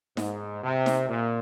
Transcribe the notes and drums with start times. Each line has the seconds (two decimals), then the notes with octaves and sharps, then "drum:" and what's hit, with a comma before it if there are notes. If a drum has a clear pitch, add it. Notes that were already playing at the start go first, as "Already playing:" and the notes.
0.17 G#2, drum: snare D#4
0.63 C3
0.86 drum: snare D#4
1.09 A#2